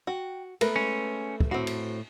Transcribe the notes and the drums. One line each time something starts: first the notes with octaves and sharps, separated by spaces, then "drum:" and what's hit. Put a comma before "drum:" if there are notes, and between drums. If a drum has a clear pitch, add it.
F#4 G5
A3 B3 A#4 B4, drum: cymbal
G#3 C#4
drum: kick
A2 C4 F#4
drum: cymbal